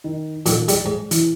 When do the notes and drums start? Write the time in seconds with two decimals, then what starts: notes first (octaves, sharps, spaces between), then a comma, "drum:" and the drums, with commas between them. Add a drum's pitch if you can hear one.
0.04 D#3
0.46 A#2 D3 D#3 F3, drum: hi-hat
0.68 G3 G#4 D5, drum: hi-hat
0.86 G#2
1.11 E3, drum: hi-hat